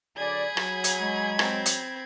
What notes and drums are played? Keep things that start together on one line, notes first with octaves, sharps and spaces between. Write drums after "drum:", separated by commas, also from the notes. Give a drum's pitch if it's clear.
D3 F#3 G#4 D5 B5 G#6
F#3, drum: rim click
drum: hi-hat
G#3
C4, drum: rim click
drum: hi-hat